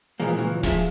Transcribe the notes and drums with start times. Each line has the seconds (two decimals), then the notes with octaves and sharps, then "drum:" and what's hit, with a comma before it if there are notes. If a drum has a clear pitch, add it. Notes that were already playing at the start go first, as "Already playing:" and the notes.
0.20 A#2 E3 F3 G#3 A#3
0.37 C#2 A#2 E3 F#3
0.63 F3 G#4 E5 A5, drum: snare D1